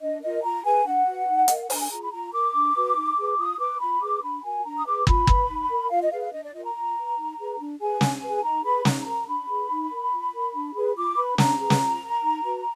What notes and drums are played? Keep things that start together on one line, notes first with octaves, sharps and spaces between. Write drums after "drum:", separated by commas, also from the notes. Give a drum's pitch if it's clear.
D4 D#5
F4 A#4 D#5
F4 A#5
G#4 B4 G#5
D4 F#5
F#4 B4
D#4
A#4 D#5, drum: hi-hat
F5
F#5
D4 G#5 A#5, drum: open hi-hat
G#5
F4 G#4 A#5
B5
F4 A#5
A#4 D6
D4
F#4 B4
D#4
G#4 B4
F4 D#6
B4 D6
F4 B5
G#4 B4 D6
D4 B5
F#4 A#4 G#5
D4 A#5
D#6
G#4 B4 D6
F4 B5, drum: kick
B4, drum: kick
D#4
A#4
F4 F5
D#5
G#4 B4 F5
F5
D4 D#5
D5
F4 A#4 D#5
A#5
F4
B4
D#4
G#4 B4
D4
G#4 B4 G#5
D4, drum: snare
G#4 B4
D#4 A#5
G#4 B4 B5
D#4 A#5, drum: snare
A#4 A#5
D4 B5
G#4 B4
D#4
A#4
F4
A#4
D4
G#4 B4
F4 D6
B4 B5
D4 A#5, drum: snare
G#4 B4
drum: snare
F4
A#4
D#4
F#4 B4